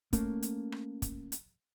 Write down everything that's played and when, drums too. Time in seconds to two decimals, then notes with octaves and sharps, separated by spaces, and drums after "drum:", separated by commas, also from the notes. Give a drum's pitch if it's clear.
0.13 A3 A#3 C#4, drum: kick, hi-hat
0.42 drum: hi-hat
0.72 drum: rim click
1.02 drum: kick, hi-hat
1.32 drum: hi-hat